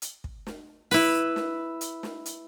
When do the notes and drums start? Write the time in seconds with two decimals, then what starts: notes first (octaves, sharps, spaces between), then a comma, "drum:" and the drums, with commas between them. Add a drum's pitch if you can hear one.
0.02 drum: hi-hat
0.24 drum: kick
0.47 drum: snare
0.91 E4 B4, drum: open hi-hat
1.36 drum: snare
1.81 drum: hi-hat
2.03 drum: snare
2.26 drum: hi-hat